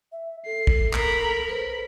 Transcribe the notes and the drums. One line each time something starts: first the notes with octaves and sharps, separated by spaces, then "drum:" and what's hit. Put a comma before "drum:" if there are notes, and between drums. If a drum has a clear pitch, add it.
E5
A4 C7
drum: kick
A#4 A#5 B5, drum: clap
B4 C5 B5